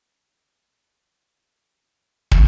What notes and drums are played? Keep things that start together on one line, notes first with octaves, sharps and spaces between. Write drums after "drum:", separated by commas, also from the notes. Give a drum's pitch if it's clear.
A#4 E5 A#5 C6 D6 D#6
drum: kick